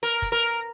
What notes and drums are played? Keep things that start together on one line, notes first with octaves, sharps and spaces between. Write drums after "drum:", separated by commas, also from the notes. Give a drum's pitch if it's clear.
A#4, drum: hi-hat
drum: kick, hi-hat
A#4